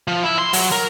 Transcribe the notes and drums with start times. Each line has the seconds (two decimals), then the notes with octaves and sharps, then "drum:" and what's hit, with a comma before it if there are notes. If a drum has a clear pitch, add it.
0.08 F3
0.24 E4
0.39 C6
0.53 F#3, drum: open hi-hat
0.72 A#4